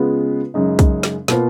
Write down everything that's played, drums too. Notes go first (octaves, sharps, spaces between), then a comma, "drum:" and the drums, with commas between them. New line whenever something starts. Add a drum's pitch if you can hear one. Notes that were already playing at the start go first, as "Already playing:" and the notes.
Already playing: C#3 G#3 B3 F4 B4
F#2 C#3 G#3 D#4
drum: kick, hi-hat
drum: snare
B2 A#3 F4 B4, drum: snare